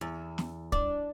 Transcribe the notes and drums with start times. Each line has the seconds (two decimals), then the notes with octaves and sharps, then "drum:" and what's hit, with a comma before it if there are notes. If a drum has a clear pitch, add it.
0.01 E2
0.38 drum: snare
0.72 D4, drum: kick